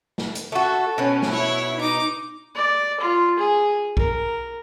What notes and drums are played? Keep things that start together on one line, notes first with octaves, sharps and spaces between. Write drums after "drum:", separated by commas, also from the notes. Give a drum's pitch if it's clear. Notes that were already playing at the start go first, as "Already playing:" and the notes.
drum: snare
drum: hi-hat
A3 F#4 A4
B2 C#4 B4
drum: snare
E4 C#5
D#4 D6
D5
F4
G#4
A#4, drum: kick B1